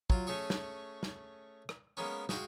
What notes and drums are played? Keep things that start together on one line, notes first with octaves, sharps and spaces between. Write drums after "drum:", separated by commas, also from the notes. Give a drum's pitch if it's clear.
F#3 F4, drum: kick
A3 C#4 G#4 C#5
drum: snare
drum: snare
drum: rim click
G#3 A#3 B3 C#4
G#3 F#4 F5 G5, drum: snare